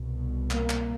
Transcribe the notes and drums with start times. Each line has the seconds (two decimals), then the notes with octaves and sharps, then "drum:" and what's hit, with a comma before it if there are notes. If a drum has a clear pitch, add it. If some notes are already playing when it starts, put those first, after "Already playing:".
Already playing: C2 B2
0.51 A#3, drum: clap
0.70 drum: clap